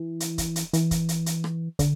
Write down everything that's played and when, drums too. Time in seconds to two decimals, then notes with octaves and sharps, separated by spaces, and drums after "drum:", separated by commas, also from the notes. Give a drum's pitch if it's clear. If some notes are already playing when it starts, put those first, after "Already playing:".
Already playing: E3
0.20 drum: hi-hat
0.38 drum: kick, hi-hat
0.56 drum: hi-hat
0.73 E3, drum: hi-hat
0.91 drum: kick, hi-hat
1.09 drum: hi-hat
1.26 drum: hi-hat
1.44 drum: rim click
1.79 D3, drum: kick, hi-hat